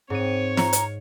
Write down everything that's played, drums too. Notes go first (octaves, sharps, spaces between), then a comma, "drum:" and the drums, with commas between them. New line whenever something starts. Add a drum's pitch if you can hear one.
G#2 C4 C#5 D#7
A#5, drum: snare
drum: hi-hat